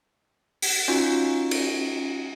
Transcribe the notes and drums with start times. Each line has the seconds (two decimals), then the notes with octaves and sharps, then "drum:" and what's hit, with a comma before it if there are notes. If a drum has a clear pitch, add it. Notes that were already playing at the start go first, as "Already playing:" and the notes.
0.62 drum: open hi-hat
0.88 C#4 D#4 F4 F#4
1.51 drum: cymbal